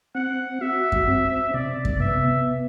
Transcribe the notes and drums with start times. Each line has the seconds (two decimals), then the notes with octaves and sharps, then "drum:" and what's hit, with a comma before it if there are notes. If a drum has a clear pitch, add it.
0.15 C4 F#5
0.61 F#4 E5
0.92 drum: kick F#2
1.07 C4
1.54 C3 D5
1.85 drum: kick F#2
2.00 B3 E5